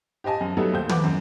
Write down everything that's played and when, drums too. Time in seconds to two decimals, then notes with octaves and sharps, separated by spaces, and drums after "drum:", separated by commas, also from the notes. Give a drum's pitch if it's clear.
0.24 G4 C5 D#5 G#5 A5
0.41 F#2
0.57 F#3 G3 A3 B3 D#4 A4
0.73 D#2 C5 G5 G6
0.89 B4 F#5 D6, drum: tom
1.04 F#2